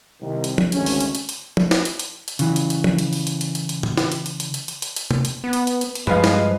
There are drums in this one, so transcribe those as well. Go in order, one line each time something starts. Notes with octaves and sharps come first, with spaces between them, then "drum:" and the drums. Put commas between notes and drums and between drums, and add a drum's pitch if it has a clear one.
C2 D#3
drum: hi-hat
drum: tom F3
G#1 D2 C#3 C#4, drum: hi-hat
drum: open hi-hat
drum: hi-hat
drum: hi-hat
drum: hi-hat
drum: tom F3
drum: snare
drum: hi-hat
drum: hi-hat
drum: hi-hat
C#3 E3, drum: hi-hat
drum: hi-hat
drum: hi-hat
drum: tom F3
drum: hi-hat
drum: open hi-hat
drum: hi-hat
drum: hi-hat
drum: hi-hat
drum: hi-hat
drum: tom
drum: snare
drum: hi-hat
drum: hi-hat
drum: hi-hat
drum: hi-hat
drum: hi-hat
drum: hi-hat
drum: hi-hat
drum: tom C3
drum: hi-hat
B3
drum: hi-hat
drum: hi-hat
drum: hi-hat
drum: hi-hat
G2 F3 G3 G#3 B4 F5, drum: tom G2
drum: snare